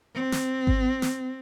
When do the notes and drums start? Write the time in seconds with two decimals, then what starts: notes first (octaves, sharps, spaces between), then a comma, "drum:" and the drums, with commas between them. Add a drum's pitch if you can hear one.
0.15 C4
0.32 drum: snare
0.67 drum: kick G#1
1.02 drum: snare